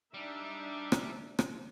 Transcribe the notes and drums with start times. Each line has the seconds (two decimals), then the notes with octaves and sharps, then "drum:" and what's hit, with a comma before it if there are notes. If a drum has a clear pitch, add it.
0.14 G3 D4 D#4 E5
0.92 drum: rim click
1.39 drum: rim click